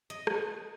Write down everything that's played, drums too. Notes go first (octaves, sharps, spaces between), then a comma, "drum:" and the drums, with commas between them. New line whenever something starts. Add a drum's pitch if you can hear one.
D#5
drum: rim click